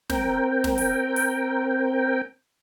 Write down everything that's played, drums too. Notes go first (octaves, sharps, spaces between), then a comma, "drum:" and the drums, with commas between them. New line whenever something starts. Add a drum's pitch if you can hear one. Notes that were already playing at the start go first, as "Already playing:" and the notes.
C4 A#4 G5, drum: snare
drum: snare
drum: open hi-hat
drum: open hi-hat